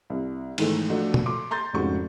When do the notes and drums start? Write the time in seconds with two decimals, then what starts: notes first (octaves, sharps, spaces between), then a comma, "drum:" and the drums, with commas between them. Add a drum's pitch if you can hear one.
0.10 C2
0.58 G#2 D#3 E3 A3, drum: cymbal
0.90 F3 A3 D4 F#4
1.14 drum: tom
1.26 C6 D6
1.51 A#5 C6 G6 A6
1.73 F1 C#2 G#2 C#3 F#4 C#6